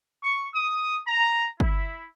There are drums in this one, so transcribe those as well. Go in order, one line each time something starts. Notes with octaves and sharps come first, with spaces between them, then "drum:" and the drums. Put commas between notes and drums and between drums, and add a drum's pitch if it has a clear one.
C#6
D#6
A#5
E4, drum: kick